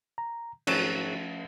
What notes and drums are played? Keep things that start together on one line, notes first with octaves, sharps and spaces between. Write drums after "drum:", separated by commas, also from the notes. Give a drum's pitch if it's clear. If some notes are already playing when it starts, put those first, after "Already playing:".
A#5
G#1 F3 F#3 A3 C#4 A5, drum: cymbal